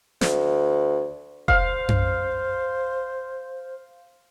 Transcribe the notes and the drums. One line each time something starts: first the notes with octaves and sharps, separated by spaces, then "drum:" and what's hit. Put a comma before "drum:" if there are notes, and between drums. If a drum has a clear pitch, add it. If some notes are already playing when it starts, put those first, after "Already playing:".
D2, drum: snare
C5 F5, drum: kick F1
drum: tom F#2